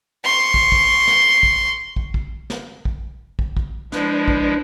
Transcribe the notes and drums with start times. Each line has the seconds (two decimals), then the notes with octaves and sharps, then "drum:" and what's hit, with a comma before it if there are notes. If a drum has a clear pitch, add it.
0.24 C6 C#6
0.54 drum: kick
0.72 drum: kick
1.08 drum: snare
1.43 drum: kick
1.96 drum: kick
2.14 drum: kick
2.50 drum: snare
2.85 drum: kick
3.39 drum: kick
3.57 drum: kick
3.92 F3 G#3 D4 E4 B4, drum: snare
4.28 drum: kick